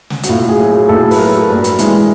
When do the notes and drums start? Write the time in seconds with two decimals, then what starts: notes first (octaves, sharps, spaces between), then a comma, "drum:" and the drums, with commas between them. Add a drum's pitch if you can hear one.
0.10 drum: snare
0.23 F#4, drum: hi-hat
0.29 A2 F4
0.49 G#4
0.60 F#3
0.70 G#4
0.89 A2 A4
1.11 B4, drum: open hi-hat
1.19 F#3 A#4
1.49 G2
1.64 drum: hi-hat
1.79 E3 G#3, drum: hi-hat